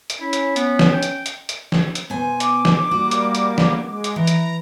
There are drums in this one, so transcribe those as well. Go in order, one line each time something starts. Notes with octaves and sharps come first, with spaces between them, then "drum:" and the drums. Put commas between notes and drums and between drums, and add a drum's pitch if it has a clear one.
drum: hi-hat
C#4 E4
drum: hi-hat
B3, drum: hi-hat
drum: snare
G5
drum: hi-hat
drum: hi-hat
drum: hi-hat
drum: snare
drum: hi-hat
B2 C5 G#5
D6, drum: hi-hat
drum: snare
G3 A#3 F#4
drum: hi-hat
drum: hi-hat
drum: snare
G#3
drum: hi-hat
E3 A#5
drum: hi-hat